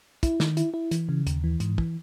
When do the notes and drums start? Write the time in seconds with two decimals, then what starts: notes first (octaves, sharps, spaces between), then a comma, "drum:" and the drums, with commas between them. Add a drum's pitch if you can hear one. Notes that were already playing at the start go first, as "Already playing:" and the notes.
0.23 E4, drum: kick, hi-hat
0.40 D#3, drum: snare
0.57 E4, drum: hi-hat
0.74 E4
0.91 E3, drum: hi-hat
1.09 C#3
1.27 D#2, drum: hi-hat
1.44 E3
1.60 G#2, drum: hi-hat
1.78 E3, drum: kick